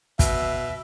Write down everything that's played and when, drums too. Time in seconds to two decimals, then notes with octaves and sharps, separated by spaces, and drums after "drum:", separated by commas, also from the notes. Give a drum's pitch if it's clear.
0.19 B2 E5, drum: kick, hi-hat